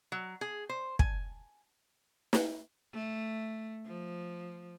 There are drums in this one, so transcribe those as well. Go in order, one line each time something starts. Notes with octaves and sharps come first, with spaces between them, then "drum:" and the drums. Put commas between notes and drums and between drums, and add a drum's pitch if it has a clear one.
F#3
G#4
C5
G#5, drum: kick
drum: snare
A3
F3